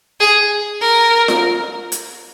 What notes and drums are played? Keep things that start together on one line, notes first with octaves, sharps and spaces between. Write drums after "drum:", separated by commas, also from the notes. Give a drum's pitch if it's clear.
G#4
A#4
drum: snare F4
drum: hi-hat